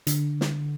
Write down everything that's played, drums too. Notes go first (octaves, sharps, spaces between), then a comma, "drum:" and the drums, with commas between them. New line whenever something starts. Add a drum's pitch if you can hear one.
D3, drum: hi-hat
drum: snare